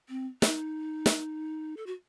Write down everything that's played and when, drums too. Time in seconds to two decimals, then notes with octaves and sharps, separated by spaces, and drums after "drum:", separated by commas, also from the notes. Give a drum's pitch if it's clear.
0.09 C4
0.42 D#4, drum: snare
1.06 drum: snare
1.77 A4
1.86 F#4